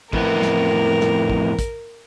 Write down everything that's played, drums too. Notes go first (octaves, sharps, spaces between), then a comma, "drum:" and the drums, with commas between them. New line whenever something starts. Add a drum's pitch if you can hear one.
F2 A2 B3 A#4, drum: kick
drum: snare
drum: snare
drum: kick
drum: kick, hi-hat